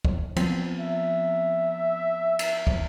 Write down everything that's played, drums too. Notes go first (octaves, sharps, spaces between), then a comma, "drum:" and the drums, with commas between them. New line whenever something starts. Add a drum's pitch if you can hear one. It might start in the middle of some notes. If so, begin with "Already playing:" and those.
drum: kick
F3 B3 C4, drum: cymbal
E5
drum: cymbal
drum: kick